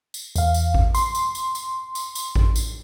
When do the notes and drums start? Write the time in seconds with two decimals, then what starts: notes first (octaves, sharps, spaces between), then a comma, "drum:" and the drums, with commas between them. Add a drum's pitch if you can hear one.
0.14 drum: tambourine
0.36 E2 F5, drum: tambourine
0.54 drum: tambourine
0.74 drum: kick A1
0.95 C6, drum: tambourine
1.15 drum: tambourine
1.35 drum: tambourine
1.55 drum: tambourine
1.95 drum: tambourine
2.15 drum: tambourine
2.35 drum: kick A1
2.56 drum: tambourine